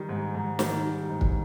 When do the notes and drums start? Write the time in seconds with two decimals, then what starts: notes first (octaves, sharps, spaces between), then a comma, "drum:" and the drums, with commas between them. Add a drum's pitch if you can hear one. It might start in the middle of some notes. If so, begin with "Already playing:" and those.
Already playing: D#3 G3
0.09 G#2
0.35 G#2
0.59 D#3, drum: snare
0.84 G3
1.09 G#2
1.21 drum: kick